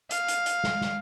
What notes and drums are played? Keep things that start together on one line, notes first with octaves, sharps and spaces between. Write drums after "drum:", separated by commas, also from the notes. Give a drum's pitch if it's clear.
F5, drum: hi-hat
drum: hi-hat
drum: hi-hat
drum: snare
drum: snare